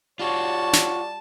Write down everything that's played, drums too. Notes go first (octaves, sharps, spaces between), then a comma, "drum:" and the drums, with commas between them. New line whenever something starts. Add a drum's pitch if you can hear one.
G3 F4 F#4 C#5 A5
drum: snare